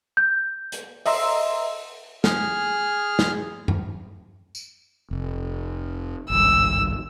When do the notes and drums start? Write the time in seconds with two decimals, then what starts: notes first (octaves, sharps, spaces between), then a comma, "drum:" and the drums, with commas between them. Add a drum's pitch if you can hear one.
0.17 G6
0.72 drum: hi-hat
1.06 D#5 E5 A#5 C6 E6, drum: open hi-hat
2.24 G#4 F6, drum: snare
3.19 drum: snare
3.68 drum: tom F#2
4.55 drum: tambourine
5.11 F1
6.30 G#1 C#2 G2 E6